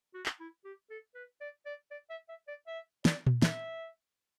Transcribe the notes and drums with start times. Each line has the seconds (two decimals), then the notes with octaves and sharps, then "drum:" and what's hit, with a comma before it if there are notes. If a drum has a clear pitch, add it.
0.14 F#4
0.26 drum: clap
0.40 E4
0.65 G4
0.90 A4
1.15 B4
1.41 D5
1.66 D5
1.91 D5
2.10 E5
2.29 E5
2.48 D5
2.67 E5
3.05 D5, drum: snare
3.26 drum: tom A#2
3.42 E5, drum: snare